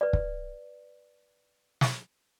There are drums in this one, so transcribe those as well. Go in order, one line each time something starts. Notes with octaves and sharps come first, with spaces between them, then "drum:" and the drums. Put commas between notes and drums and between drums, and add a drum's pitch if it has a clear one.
B4 D5
drum: kick
drum: snare